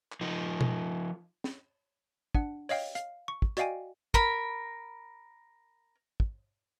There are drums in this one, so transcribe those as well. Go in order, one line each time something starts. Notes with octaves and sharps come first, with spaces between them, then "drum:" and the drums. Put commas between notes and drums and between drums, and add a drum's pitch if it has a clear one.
drum: clap
F3 D#4
drum: tom B2
drum: snare
D4 F#5, drum: kick
C#5 D#5 F5 G5, drum: open hi-hat
F5, drum: hi-hat
C#6
drum: kick
F#4 D5 D#5 F5 G5 G#5, drum: hi-hat
A#4 B5, drum: kick
drum: kick